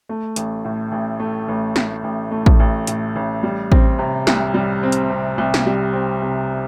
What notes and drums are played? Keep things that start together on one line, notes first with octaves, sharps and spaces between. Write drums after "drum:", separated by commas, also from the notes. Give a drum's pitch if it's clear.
A3
A1, drum: hi-hat
A2
A1
A3
A1
A2, drum: snare
A1
A3
drum: kick A1
A1
A2, drum: hi-hat
A1
G3
C4, drum: kick A1
C3
C2, drum: snare
G3
C4
drum: hi-hat
C3
C2
drum: snare
G3
C4
C3